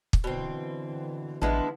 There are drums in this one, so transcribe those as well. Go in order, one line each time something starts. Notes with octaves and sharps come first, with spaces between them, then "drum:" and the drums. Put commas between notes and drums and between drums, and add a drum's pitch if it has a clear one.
drum: kick
B2 D3 E3 C4
A1 F3 G#3 B3 D4 E4 A5